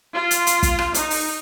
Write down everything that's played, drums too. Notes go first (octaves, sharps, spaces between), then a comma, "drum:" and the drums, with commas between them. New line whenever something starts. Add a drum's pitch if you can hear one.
F4
drum: hi-hat
drum: hi-hat
drum: kick, hi-hat
drum: rim click
D#4, drum: hi-hat
drum: open hi-hat